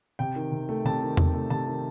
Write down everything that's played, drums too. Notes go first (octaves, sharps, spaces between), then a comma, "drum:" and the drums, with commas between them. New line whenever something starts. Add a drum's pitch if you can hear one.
C3 G5
D#3
C3
A3
C3 A5
D#3
C3, drum: tom E2
A3
C3 A5
D#3